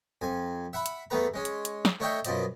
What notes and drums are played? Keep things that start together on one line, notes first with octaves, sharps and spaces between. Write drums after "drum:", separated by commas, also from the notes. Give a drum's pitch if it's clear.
F2 G#5
E5 F#5 B5
drum: hi-hat
E2 A3 B3 B4 A#5
G#3 C#4
drum: hi-hat
drum: hi-hat
drum: snare
A3 D4 C#5 D#5 E5 G5
F#2 B2 F3 D5 D#5, drum: hi-hat